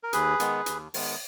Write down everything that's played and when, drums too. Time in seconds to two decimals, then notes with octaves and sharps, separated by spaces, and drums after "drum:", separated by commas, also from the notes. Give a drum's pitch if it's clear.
0.04 A#4
0.13 D#2 G#4 B4, drum: hi-hat
0.40 D#3 G#3 B3, drum: hi-hat
0.66 D#2, drum: hi-hat
0.94 D#3 G#3 B3, drum: open hi-hat